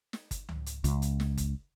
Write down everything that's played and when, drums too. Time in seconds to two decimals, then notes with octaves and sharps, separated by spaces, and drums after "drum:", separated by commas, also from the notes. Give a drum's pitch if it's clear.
0.13 drum: snare
0.31 drum: kick G1, hi-hat
0.49 drum: tom C#2
0.66 drum: hi-hat
0.84 C#2, drum: hi-hat
1.02 drum: hi-hat
1.20 drum: snare
1.37 drum: kick G1, hi-hat